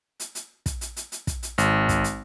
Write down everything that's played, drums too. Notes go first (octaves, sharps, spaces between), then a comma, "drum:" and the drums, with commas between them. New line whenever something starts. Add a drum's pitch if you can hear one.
drum: hi-hat
drum: hi-hat
drum: kick, hi-hat
drum: hi-hat
drum: hi-hat
drum: hi-hat
drum: kick, hi-hat
drum: hi-hat
G#1, drum: hi-hat
drum: kick, hi-hat
drum: hi-hat